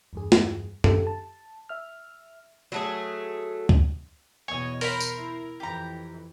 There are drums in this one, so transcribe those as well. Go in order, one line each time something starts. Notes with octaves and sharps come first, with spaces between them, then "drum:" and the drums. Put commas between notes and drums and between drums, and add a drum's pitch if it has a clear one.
E2 G2 G#4
drum: snare
G4 A4, drum: tom F#2
A5
E5 F6
F#3 A3 G#4
drum: kick
E2 B2 C#5 D#5 G#5
A#4 C5 B5, drum: open hi-hat
drum: tambourine
E4
F2 E3 G4 A#5